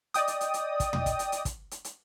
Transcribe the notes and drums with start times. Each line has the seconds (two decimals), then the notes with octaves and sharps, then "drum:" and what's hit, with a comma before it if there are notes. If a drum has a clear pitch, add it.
0.14 D5 D#5 G5 D#6, drum: hi-hat
0.27 drum: hi-hat
0.41 drum: hi-hat
0.54 drum: hi-hat
0.80 drum: kick, hi-hat
0.93 drum: tom
1.06 drum: kick, hi-hat
1.19 drum: hi-hat
1.32 drum: hi-hat
1.45 drum: kick, hi-hat
1.71 drum: hi-hat
1.84 drum: hi-hat